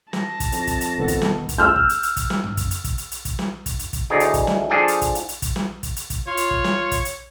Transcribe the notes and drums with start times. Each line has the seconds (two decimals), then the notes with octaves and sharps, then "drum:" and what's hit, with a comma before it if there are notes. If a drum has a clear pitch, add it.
0.13 A5 A#6, drum: snare
0.40 drum: kick, hi-hat
0.52 F2, drum: hi-hat
0.67 drum: kick, hi-hat
0.81 drum: hi-hat
0.98 E1 D#3 B3 A4
1.08 drum: kick, hi-hat
1.22 drum: snare
1.49 drum: kick, hi-hat
1.58 E6 F6 G6
1.76 drum: kick
1.89 drum: hi-hat
2.03 drum: hi-hat
2.17 drum: kick, hi-hat
2.30 drum: snare
2.44 drum: tom F#2
2.57 drum: kick, hi-hat
2.71 drum: hi-hat
2.84 drum: kick, hi-hat
2.98 drum: hi-hat
3.12 drum: hi-hat
3.25 drum: kick, hi-hat
3.39 drum: snare
3.66 drum: kick, hi-hat
3.79 drum: hi-hat
3.93 drum: kick, hi-hat
4.10 D2 A2 D#4 G#4 D5
4.20 drum: hi-hat
4.34 drum: kick, hi-hat
4.47 drum: snare
4.70 F3 D4 G#4 A4 G5
4.88 drum: hi-hat
5.01 drum: kick, hi-hat
5.15 drum: hi-hat
5.29 drum: hi-hat
5.42 drum: kick, hi-hat
5.56 drum: snare
5.83 drum: kick, hi-hat
5.96 drum: hi-hat
6.10 drum: kick, hi-hat
6.27 F4 C#5
6.37 drum: hi-hat
6.51 drum: kick
6.64 drum: snare
6.91 drum: kick, hi-hat
7.05 drum: hi-hat